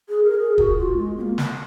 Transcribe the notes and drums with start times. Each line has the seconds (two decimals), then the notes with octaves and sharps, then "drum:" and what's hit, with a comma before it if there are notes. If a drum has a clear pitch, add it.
0.09 G#4
0.24 A#4
0.38 G#4
0.58 F#4, drum: kick
0.77 F4
0.97 G#3
1.16 C4
1.21 A#3
1.38 drum: snare